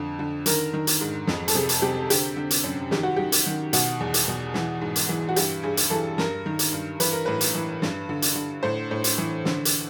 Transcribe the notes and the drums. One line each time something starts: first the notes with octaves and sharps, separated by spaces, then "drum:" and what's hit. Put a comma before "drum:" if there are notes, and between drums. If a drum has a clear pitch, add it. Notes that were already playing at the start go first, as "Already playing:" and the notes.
Already playing: F2 D3
D3
D#3 A#4, drum: hi-hat
D#3
drum: hi-hat
G#2
F2, drum: snare
A4, drum: hi-hat
C3 G#4
drum: hi-hat
C3 G4
D3 G4, drum: hi-hat
D3
drum: hi-hat
F#2
D#3 G4, drum: snare
F#4
D#3 G4
drum: hi-hat
D#3
B2 F#4, drum: hi-hat
E2
drum: hi-hat
B2
E3, drum: snare
G#2
drum: hi-hat
E3
F#4
G2 G4, drum: hi-hat
G2 G#4
drum: hi-hat
E3 A4
G2 A#4, drum: snare
D#3
drum: hi-hat
G2
E3 B4, drum: hi-hat
A#4
A2 B4
drum: hi-hat
E3
G2, drum: snare
D3
drum: hi-hat
D3
A2 C5
A2
drum: hi-hat
E3
D3, drum: snare
drum: hi-hat